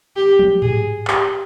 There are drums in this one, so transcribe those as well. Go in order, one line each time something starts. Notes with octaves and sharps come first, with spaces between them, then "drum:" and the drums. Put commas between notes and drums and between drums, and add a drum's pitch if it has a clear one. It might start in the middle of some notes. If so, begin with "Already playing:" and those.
G4
drum: tom
G#4, drum: tom G#2
G4, drum: clap